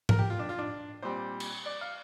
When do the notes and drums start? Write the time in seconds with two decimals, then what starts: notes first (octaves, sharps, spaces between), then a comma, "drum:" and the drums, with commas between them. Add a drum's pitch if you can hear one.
0.09 A#4, drum: tom G#2
0.19 G4
0.30 F4
0.39 D4
0.49 F4
0.58 D4
1.02 A#2 G3 C4 C5
1.40 drum: cymbal
1.66 D5
1.81 F5